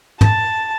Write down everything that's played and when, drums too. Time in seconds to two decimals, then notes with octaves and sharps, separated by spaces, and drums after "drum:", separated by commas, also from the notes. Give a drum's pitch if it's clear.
0.21 A5, drum: tom